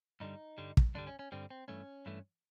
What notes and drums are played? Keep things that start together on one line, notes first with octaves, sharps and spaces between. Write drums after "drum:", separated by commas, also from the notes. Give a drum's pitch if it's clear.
G2 D3 G3 D#4
G2 D3 G3
drum: kick
G2 D3 G3 D4
C#4
C#4
G2 D3 G3 C4
C4
G2 E3 A3 C#4
G2 E3 A3